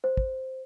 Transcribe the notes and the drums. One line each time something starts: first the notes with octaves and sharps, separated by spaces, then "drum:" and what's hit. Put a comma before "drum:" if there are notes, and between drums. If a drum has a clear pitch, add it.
C5
drum: kick